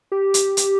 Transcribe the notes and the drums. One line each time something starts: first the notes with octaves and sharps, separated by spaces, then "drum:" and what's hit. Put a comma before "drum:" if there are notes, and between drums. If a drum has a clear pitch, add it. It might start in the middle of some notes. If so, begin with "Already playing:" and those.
G4
drum: hi-hat
drum: hi-hat